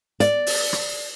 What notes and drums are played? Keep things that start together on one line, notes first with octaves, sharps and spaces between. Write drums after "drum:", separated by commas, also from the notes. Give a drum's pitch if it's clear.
D5, drum: hi-hat
drum: open hi-hat
drum: rim click